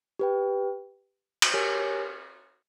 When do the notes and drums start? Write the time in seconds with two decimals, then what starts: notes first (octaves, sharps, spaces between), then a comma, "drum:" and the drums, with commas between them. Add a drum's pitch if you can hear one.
0.19 G4 B4 G5
1.42 drum: cymbal
1.54 G4 A#4 C#5 G#5